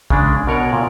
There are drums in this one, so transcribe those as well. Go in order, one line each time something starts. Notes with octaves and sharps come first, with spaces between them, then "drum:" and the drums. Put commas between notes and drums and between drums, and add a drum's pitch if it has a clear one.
C#3 G#3 D4, drum: kick
B2 A#4 C#5 D5
A#2